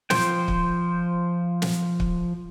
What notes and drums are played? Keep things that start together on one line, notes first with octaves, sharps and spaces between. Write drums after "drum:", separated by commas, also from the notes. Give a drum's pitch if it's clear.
F3 C5 G5, drum: snare
drum: kick
drum: snare
drum: kick